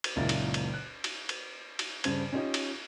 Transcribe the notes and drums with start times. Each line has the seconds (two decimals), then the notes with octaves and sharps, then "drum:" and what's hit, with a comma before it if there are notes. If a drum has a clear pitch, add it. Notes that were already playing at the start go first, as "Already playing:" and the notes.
0.04 drum: cymbal
0.16 F#1 C#2 A#2 D#4 E4 A6
0.29 drum: cymbal
0.54 drum: cymbal
0.74 F#6
1.04 drum: cymbal
1.29 drum: cymbal
1.79 drum: cymbal
2.04 G2 C#3 C5 G#6, drum: cymbal
2.32 C#4 D#4 F4 G4 C#5 D#5
2.54 drum: cymbal